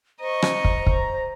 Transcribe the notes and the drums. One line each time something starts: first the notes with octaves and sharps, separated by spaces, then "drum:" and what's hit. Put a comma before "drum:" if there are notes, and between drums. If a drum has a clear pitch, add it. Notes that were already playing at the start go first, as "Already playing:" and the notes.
C5 D#5 A#5 C#6
drum: rim click
drum: kick
drum: kick